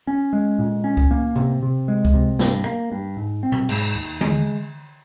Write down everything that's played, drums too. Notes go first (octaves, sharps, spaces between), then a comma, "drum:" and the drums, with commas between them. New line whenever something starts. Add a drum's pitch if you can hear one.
C#4
G#3
A#2
C#4
drum: kick C#2
A#3
C3, drum: tom A2
C3
G#3
drum: kick C#2
C3
G2, drum: snare
A#3
G2
G#2
C4
drum: tom A#2
G#2, drum: cymbal
D#2
G#3, drum: tom D3